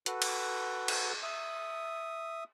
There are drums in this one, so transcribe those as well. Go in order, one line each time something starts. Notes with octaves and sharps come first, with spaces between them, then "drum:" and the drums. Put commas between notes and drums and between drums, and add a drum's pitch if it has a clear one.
F#4 A4 B4, drum: hi-hat
drum: cymbal
drum: cymbal
E5 D#6